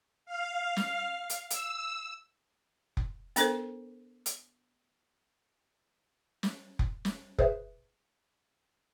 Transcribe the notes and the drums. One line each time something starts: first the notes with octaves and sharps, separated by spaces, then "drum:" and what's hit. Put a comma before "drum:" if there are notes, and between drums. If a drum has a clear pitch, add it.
F5
drum: snare
drum: hi-hat
E6, drum: hi-hat
drum: kick F1
B3 D4 A4 A#4 C5, drum: hi-hat
drum: hi-hat
drum: snare
drum: kick F1
drum: snare
G#4 B4 C5 E5, drum: kick F1